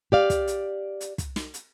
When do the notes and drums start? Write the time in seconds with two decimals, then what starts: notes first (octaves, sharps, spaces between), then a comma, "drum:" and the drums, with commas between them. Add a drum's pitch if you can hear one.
0.12 G4 D5 F5
0.30 drum: kick, hi-hat
0.47 drum: hi-hat
1.01 drum: hi-hat
1.18 drum: kick, hi-hat
1.36 drum: snare
1.54 drum: hi-hat